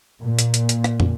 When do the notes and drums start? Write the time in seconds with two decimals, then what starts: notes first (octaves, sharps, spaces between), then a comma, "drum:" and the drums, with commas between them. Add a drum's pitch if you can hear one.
0.24 A#2
0.39 drum: hi-hat
0.54 drum: hi-hat
0.69 drum: hi-hat
0.84 drum: rim click
1.00 drum: tom